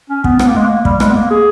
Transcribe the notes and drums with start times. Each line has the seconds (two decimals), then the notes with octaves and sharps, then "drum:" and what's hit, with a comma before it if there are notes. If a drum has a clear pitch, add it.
0.10 C#4
0.24 B3, drum: kick
0.39 B3, drum: rim click
0.48 A#3
0.56 G#3
0.64 A#3
0.85 G3, drum: kick
1.00 G#3, drum: rim click
1.10 B3
1.15 A#3
1.30 G#4